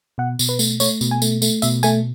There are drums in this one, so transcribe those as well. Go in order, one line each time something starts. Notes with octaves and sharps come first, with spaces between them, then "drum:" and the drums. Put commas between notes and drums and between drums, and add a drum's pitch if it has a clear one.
B2 F#5
B2, drum: tambourine
B4
A3, drum: tambourine
A3 C#5, drum: tambourine
B2, drum: tambourine
G#5
A3, drum: tambourine
A3, drum: tambourine
B2 E5, drum: tambourine
A3 G#5, drum: tambourine